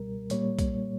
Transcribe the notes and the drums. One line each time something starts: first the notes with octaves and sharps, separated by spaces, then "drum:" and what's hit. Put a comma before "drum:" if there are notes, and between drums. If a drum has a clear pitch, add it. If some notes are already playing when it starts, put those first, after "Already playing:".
Already playing: C#2 B2 G3 A#4
A#2 G3 A#3 C#5, drum: hi-hat
drum: kick B1, hi-hat